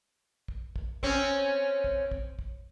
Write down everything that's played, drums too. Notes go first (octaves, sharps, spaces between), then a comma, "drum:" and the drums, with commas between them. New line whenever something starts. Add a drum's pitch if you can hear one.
drum: kick
drum: kick
C4 C#4, drum: kick
drum: kick
drum: kick
drum: kick